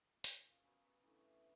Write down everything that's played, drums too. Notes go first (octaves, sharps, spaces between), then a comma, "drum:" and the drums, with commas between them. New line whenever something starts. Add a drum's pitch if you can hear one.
C#3 F3 A#3, drum: hi-hat
C#3 F#3 B3
C#3 E3 A3 D4